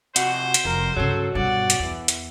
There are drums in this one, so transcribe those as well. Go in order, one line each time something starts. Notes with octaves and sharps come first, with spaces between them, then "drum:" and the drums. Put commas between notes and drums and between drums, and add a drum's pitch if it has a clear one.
C3 F#4 C5 F#5, drum: hi-hat
drum: hi-hat
F1 F2 A#4
G2 C#3 F#4 A4 C#5
G2 B2 D5 F#5
drum: hi-hat
E2 E3
drum: hi-hat